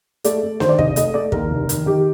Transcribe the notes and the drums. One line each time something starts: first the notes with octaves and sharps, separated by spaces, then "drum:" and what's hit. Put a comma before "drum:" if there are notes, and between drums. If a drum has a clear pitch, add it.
A3 D5, drum: hi-hat
A3
D#3 C5, drum: snare
D5
F1 D#5, drum: kick
A3 D#5, drum: hi-hat
A3 D5
D#2 A#4, drum: kick
F1
D#3, drum: hi-hat
D#3 G4